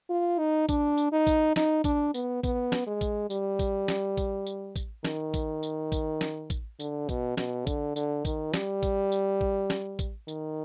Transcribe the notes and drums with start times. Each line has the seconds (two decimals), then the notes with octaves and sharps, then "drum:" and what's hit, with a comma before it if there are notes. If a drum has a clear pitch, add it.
0.10 F4
0.39 D#4
0.69 D4, drum: kick, tambourine
0.98 drum: tambourine
1.12 D#4
1.27 drum: kick, tambourine
1.56 D#4, drum: snare
1.84 D4, drum: kick, tambourine
2.14 B3, drum: tambourine
2.44 B3, drum: kick, tambourine
2.72 drum: snare
2.87 G#3
3.01 drum: kick, tambourine
3.30 G3, drum: tambourine
3.59 drum: kick, tambourine
3.88 drum: snare
4.17 drum: kick, tambourine
4.47 drum: tambourine
4.76 drum: kick, tambourine
5.05 D#3, drum: snare
5.34 drum: kick, tambourine
5.63 drum: tambourine
5.92 drum: kick, tambourine
6.21 drum: snare
6.50 drum: kick, tambourine
6.80 D3, drum: tambourine
7.09 B2, drum: kick, tambourine
7.37 B2, drum: snare
7.67 D3, drum: kick, tambourine
7.96 D3, drum: tambourine
8.25 D#3, drum: kick, tambourine
8.54 G3, drum: snare
8.83 drum: kick, tambourine
9.12 drum: tambourine
9.41 drum: kick
9.70 drum: snare
9.99 drum: kick, tambourine
10.28 D#3, drum: tambourine